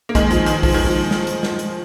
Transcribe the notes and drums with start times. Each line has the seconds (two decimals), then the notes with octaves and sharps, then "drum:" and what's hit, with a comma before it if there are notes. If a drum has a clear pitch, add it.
0.09 A#3
0.15 D#3 G#3, drum: kick A#1, hi-hat
0.31 F3, drum: hi-hat
0.46 D#3, drum: hi-hat
0.63 F3, drum: kick A#1, open hi-hat
0.74 D#3
0.86 F3
1.11 drum: snare
1.27 drum: hi-hat
1.43 drum: snare
1.59 drum: hi-hat